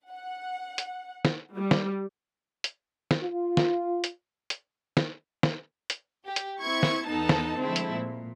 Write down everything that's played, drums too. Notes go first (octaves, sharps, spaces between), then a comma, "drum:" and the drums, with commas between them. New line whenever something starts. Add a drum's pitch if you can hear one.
F#5
drum: hi-hat
drum: snare
G3
drum: snare
drum: hi-hat
drum: snare
F4
drum: snare
drum: hi-hat
drum: hi-hat
drum: snare
drum: snare
drum: hi-hat
G4
drum: hi-hat
C4 E4 C#6 G#6
drum: snare
E2 B3 D#4 A4 A5
drum: snare
D3 F3 G#3 A3 C4 E4
drum: hi-hat
A#2